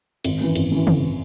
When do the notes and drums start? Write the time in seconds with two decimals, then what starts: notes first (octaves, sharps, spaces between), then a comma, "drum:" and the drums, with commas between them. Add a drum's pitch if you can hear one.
0.25 G#1, drum: cymbal
0.41 F#2 E3
0.55 G#1, drum: cymbal
0.72 F#2 E3
0.87 G#1, drum: tom
1.02 E3